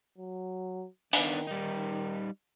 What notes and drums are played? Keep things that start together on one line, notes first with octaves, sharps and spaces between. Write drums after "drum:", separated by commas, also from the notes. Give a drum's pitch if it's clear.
F#3
D#3 B3 D4, drum: open hi-hat
G3 D#4